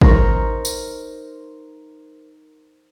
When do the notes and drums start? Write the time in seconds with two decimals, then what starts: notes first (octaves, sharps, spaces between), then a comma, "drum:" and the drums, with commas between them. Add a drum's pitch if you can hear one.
0.01 D#4 A#4 C5 C#6, drum: kick G#1
0.65 drum: tambourine